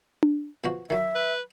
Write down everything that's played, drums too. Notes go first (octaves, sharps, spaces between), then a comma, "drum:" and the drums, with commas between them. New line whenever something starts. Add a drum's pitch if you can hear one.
drum: tom D4
B2 F3 F#4
D#3 F#3 E5
B4